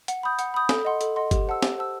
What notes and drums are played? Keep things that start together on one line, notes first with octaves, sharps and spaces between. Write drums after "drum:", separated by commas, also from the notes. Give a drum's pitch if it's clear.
F#5, drum: hi-hat
B5 D#6 G6
F#5, drum: hi-hat
B5 D#6 G6
A4, drum: snare
D#5 F#5 C6
A4, drum: hi-hat
D#5 F#5 C6
G4, drum: kick G1, hi-hat
C5 F#5 A5 E6
G4, drum: snare
C5 F#5 A5 E6